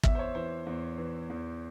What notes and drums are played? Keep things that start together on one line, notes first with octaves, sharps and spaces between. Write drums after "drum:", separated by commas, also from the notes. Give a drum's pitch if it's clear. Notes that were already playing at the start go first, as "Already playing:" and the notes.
E2 E5, drum: kick
C5
C#5
E3 C5
E2
E3
E2